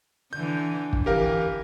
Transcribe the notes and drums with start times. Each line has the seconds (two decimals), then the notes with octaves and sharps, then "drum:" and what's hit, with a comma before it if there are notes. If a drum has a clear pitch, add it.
0.33 D3 E3 G6
0.93 drum: kick
1.06 E3 G4 A#4 F5